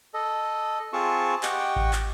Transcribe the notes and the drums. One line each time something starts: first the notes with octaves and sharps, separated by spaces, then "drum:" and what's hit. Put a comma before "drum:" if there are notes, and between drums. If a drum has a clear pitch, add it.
A4 D#5
C4 F4 G#4 A5 C#6
G4 D#5 F#5 G5 C#6, drum: clap
drum: kick A1
drum: clap